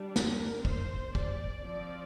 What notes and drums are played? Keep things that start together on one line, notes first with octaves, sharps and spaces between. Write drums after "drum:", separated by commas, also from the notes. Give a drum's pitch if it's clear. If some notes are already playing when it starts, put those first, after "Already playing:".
Already playing: G3 D4
A#4, drum: snare
C5, drum: kick
D5, drum: kick
F3 C4 D5